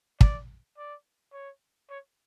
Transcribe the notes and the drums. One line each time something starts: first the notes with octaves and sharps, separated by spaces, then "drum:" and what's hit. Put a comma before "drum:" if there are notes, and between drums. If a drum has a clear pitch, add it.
D5, drum: kick
D5
C#5
C#5